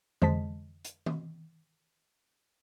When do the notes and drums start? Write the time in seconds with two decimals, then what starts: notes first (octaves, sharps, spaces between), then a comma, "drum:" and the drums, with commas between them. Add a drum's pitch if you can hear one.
0.22 F2 G#3 C5 D#5 A5 B6, drum: tom D3
0.85 drum: hi-hat
1.06 drum: tom D#3